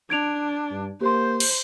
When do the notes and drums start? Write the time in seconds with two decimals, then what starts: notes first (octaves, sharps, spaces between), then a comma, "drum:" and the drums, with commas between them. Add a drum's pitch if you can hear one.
0.10 D4 G#6 D7 F7
0.71 G2
1.01 A#3 G4 C5 C6
1.40 drum: cymbal